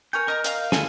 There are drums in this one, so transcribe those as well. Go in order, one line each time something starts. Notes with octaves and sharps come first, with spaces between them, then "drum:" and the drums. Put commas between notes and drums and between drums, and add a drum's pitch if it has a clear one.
A#4 C#5 G#5 G6
A#4 D#5 A#5
D#5 F5, drum: hi-hat
D2 E4 F4 G#4 A4 G#5, drum: snare